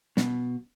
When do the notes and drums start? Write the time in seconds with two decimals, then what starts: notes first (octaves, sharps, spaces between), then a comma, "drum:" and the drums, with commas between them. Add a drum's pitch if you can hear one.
0.17 B2, drum: snare